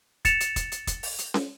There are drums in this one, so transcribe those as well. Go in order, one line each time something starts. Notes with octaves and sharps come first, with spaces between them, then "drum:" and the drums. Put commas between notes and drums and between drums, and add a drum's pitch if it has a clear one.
A6 C#7 E7 F7, drum: kick, hi-hat
drum: hi-hat
drum: kick, hi-hat
drum: hi-hat
drum: kick, hi-hat
drum: open hi-hat
drum: hi-hat
drum: snare C#4